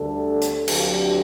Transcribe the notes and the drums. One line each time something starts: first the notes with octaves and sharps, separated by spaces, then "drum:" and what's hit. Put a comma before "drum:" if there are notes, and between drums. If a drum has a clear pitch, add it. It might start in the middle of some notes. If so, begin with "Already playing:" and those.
Already playing: D2 D3 G3 D4 A4
drum: hi-hat
D2 D3 F#3 C4 G4, drum: cymbal